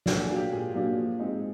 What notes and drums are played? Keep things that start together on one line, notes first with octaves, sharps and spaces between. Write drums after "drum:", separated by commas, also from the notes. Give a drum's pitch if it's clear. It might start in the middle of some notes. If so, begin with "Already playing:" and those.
A#2 D4, drum: snare
G#4
F#3 A#3 D4
G4
A#2 G#4
F#3 A#3 D4
F3
G#3 C4 D#4